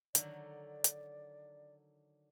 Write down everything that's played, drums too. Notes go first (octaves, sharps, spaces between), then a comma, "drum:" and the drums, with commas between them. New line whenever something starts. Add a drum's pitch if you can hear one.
D3 D#3 F#3 D5, drum: hi-hat
drum: hi-hat